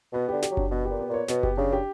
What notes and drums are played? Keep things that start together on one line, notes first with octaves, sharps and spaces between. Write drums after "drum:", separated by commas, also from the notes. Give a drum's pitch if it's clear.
B2 B3
D3 G4
G4, drum: snare
F#3
D4, drum: kick F#1
B2 B3
G4
A#2
B3
A#2 C#5
B2 B3, drum: snare
G4, drum: kick F#1
C#3 D4
G4